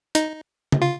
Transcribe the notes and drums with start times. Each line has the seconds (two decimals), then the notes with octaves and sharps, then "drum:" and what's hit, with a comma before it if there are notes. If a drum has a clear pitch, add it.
0.15 D#4, drum: hi-hat
0.72 drum: tom C#3
0.82 F4